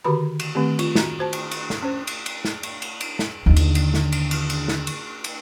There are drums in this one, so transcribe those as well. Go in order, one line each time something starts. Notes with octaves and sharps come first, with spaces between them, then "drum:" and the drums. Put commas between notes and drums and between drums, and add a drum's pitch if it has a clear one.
D3 D#3 F#4 G4 B4 B5
drum: cymbal
D#3 A3 C4 G4
F4, drum: cymbal
F#4 A#5, drum: snare
F#4 C5 A5
drum: cymbal
drum: cymbal
drum: snare
C#4 C5
drum: cymbal
drum: cymbal
drum: snare
drum: cymbal
drum: cymbal
drum: cymbal
drum: snare
D#2 D3
drum: cymbal
drum: cymbal
drum: snare
drum: cymbal
drum: cymbal
drum: cymbal
drum: snare
drum: cymbal
drum: cymbal